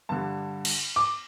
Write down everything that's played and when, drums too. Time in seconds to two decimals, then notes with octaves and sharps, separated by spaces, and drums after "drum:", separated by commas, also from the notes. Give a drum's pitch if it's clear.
0.09 G2 D3 G3 A5
0.65 drum: cymbal
0.96 D6